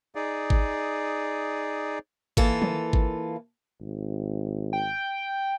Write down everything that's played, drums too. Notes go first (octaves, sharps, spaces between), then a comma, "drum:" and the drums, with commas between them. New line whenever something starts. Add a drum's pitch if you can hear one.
D#4 G#4 D5
drum: kick
E3 A#3 F4 A4, drum: kick
drum: tom
drum: kick
G#1
G5